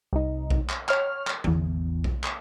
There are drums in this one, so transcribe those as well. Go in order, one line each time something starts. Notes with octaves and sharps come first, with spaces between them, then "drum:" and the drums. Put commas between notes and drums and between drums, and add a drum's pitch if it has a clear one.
C2 D#4
drum: kick B1
drum: clap
C#5 F6, drum: clap
drum: clap
A1 E2, drum: tom D3
drum: kick B1
drum: clap